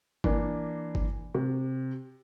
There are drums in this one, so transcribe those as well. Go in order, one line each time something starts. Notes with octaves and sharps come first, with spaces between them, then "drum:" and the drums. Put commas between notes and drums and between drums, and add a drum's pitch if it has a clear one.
E3 A#3 D4, drum: kick G1
drum: kick G1
C3